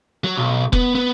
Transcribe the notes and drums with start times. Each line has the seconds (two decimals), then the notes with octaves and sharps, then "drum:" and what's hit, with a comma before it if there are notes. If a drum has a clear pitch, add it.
0.24 F#3
0.37 B1
0.73 B3, drum: kick F1
0.95 B3